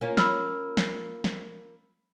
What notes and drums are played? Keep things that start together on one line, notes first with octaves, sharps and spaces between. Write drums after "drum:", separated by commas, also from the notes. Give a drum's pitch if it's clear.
A#3 C#4 F4
B5 E6 F6, drum: snare
drum: snare
drum: snare